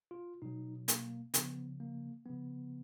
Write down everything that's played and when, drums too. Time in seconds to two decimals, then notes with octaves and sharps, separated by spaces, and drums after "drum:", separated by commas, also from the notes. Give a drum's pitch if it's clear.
0.11 F4
0.42 B2 F#3 D#4
0.88 A#3, drum: hi-hat
1.34 C#3 F3 B3, drum: hi-hat
1.80 A#3
2.26 C#3 F3 B3